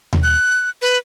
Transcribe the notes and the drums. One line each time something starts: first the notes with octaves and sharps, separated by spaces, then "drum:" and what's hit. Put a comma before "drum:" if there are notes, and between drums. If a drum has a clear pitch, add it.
drum: tom D#2
F#6
B4